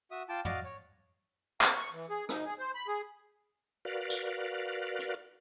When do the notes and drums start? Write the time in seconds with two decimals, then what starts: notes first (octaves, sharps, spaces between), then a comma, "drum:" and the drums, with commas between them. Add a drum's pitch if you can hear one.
0.11 F#4 E5 D#6
0.29 F4 G5 A5 D6
0.45 F#4 D5 D#5 F5 D6, drum: tom
0.64 C#5
1.61 G5, drum: clap
1.76 C#6
1.92 E3
2.10 G#4
2.29 D#4, drum: rim click
2.46 G#4
2.59 C5
2.75 B5
2.88 G#4
3.85 F#4 A#4 B4 D5 F5
4.10 drum: tambourine
4.99 drum: hi-hat